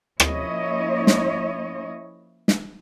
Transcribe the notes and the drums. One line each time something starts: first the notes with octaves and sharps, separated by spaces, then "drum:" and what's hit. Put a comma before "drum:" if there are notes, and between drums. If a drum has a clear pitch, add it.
F3 A#3 C#4 E4 C#5 D#5, drum: rim click
drum: snare
drum: snare